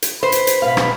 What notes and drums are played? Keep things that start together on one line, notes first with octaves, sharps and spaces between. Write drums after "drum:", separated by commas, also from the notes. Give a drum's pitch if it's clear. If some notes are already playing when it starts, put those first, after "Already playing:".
drum: hi-hat
B4 C5 B5
drum: hi-hat
drum: hi-hat
B2 B4 F5
drum: rim click